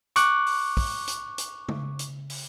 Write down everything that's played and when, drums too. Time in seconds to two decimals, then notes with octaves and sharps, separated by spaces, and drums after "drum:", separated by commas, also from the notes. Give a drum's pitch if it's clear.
0.16 C#6 D6 F#6, drum: hi-hat
0.46 drum: open hi-hat
0.77 drum: kick, open hi-hat
1.07 drum: hi-hat
1.38 drum: hi-hat
1.69 drum: tom
1.99 drum: hi-hat
2.30 drum: open hi-hat